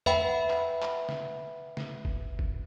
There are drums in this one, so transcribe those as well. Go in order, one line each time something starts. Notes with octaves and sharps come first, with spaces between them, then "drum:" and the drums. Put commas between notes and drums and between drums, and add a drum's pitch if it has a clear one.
B4 E5 F#5 G5 B5, drum: tom E2
drum: clap
drum: clap
drum: snare
drum: snare
drum: kick F#1
drum: kick F#1